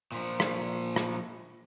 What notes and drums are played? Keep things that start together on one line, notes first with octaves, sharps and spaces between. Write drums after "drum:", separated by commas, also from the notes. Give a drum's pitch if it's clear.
A#2 F3
drum: rim click
drum: rim click